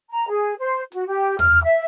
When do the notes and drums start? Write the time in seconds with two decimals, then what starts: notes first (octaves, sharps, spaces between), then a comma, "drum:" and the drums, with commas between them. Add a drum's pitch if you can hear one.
0.11 A#5
0.29 G#4
0.59 C5
0.92 F#4, drum: hi-hat
1.07 G4
1.39 F6, drum: tom E2
1.64 E5